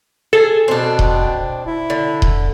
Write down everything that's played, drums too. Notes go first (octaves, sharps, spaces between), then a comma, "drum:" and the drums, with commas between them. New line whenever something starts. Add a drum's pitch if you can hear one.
G#4 A4
B2 C4 D4
drum: kick D#1
E4
D3
drum: kick D#1